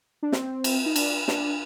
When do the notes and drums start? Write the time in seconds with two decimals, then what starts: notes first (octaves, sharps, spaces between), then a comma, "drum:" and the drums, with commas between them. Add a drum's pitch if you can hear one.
0.23 D4
0.32 C4, drum: snare
0.64 drum: cymbal
0.86 D#4
0.96 D4, drum: cymbal
1.28 D4, drum: snare